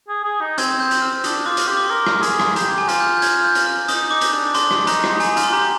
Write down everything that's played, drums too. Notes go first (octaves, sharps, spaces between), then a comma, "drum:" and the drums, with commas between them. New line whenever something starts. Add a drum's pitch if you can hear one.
G#4
G#4
D#4
C4 G#6, drum: hi-hat
G6
drum: hi-hat
F6
D4 D#6, drum: hi-hat
F4 D6
drum: hi-hat
G4 C6
D6
A#4 C6
drum: rim click
G#4, drum: hi-hat
drum: rim click
G4 A#5, drum: hi-hat
G#5
F4, drum: hi-hat
G6
G6
G#6, drum: hi-hat
G6
drum: hi-hat
F6
D#4 D#6, drum: hi-hat
D#4 D6
drum: hi-hat
D4
D4 C6, drum: hi-hat
drum: rim click
D#4 A#5, drum: hi-hat
drum: rim click
D#4 G#5, drum: hi-hat
F4, drum: hi-hat
C6
G4 A#5